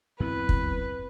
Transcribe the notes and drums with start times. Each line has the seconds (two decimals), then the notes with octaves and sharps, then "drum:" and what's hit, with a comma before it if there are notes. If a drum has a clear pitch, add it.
0.20 F#2 B3 C4 E4 B4
0.49 drum: kick